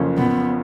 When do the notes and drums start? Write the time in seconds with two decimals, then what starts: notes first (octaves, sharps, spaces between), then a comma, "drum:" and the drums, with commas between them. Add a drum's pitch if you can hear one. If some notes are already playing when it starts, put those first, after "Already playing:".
Already playing: F#1 F2 F3 A#3 C#4
0.18 B3, drum: tom